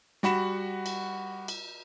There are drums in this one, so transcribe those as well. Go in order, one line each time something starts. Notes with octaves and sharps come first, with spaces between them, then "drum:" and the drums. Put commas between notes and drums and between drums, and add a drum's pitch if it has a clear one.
G3 F#4 F#5 B5 E7, drum: snare
drum: cymbal
drum: cymbal